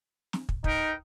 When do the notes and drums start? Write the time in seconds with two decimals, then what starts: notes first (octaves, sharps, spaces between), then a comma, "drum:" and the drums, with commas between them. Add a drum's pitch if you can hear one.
0.33 drum: snare
0.49 drum: kick
0.64 D#4 A#4 B4 G5, drum: kick